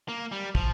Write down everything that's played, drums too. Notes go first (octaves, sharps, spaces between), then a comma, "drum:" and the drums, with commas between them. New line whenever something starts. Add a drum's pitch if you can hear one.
A#3
G3
F3, drum: kick